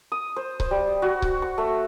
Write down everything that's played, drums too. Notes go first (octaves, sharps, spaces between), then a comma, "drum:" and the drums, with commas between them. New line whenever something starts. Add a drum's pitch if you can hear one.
D#6
C5
C5, drum: kick C#1
G3
F#4
drum: kick C#1
C#6
A3